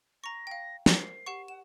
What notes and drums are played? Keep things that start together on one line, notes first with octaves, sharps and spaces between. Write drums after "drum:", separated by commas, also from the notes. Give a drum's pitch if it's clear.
A#5 C#6 A#6
F5 G5
A#4 C5 C7, drum: snare
G4 F#5 C#6
F#5 E7